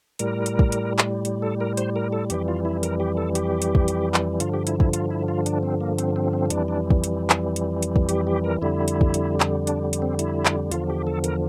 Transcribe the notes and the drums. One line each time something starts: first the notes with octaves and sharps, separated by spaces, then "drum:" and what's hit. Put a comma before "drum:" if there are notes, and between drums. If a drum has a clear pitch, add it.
A2 G3 A#4, drum: hi-hat
drum: hi-hat
drum: kick
drum: hi-hat
drum: clap
drum: hi-hat
A4
A#4
C5, drum: hi-hat
A#4
A4
F2 E3 G3 G4, drum: hi-hat
F4
E4
A#4, drum: hi-hat
G4
A4
G4, drum: hi-hat
drum: hi-hat
drum: kick
drum: hi-hat
drum: clap
G2 D3 F3 F4, drum: hi-hat
G4
E4, drum: hi-hat
E4, drum: kick
F4, drum: hi-hat
E4
F4
D4, drum: hi-hat
C4
A#3
C4, drum: hi-hat
C4
C4
F2 E3 G3 D4, drum: hi-hat
D4
drum: kick
drum: hi-hat
drum: clap
drum: hi-hat
drum: hi-hat
drum: kick
G4, drum: hi-hat
G4
A#4
F2 D3 G3 E4
drum: hi-hat
drum: kick
drum: hi-hat
drum: clap
D4, drum: hi-hat
drum: hi-hat
C4
E4, drum: hi-hat
drum: clap
E2 D3 F3 F4, drum: hi-hat
G4
A4
A#4, drum: hi-hat